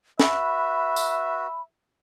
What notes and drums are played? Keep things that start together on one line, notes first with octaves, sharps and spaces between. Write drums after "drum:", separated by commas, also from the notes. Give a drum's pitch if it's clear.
F#4 B4 E5 B5, drum: snare
drum: tambourine